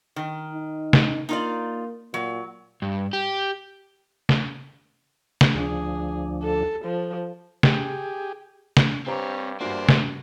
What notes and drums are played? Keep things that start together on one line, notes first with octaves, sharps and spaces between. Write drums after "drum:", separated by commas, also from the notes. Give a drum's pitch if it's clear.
D#3
D#4
drum: snare
A#3 D#4 F4 D5
A#2 F#3
G2
G4
drum: snare
drum: snare
D2 F3 D4 G#4
A4
F3
G4 G#4, drum: snare
drum: snare
G2 C4 G4 C5 C#5 A#5
E2 G2 A#3 D4 F#4 C5
drum: snare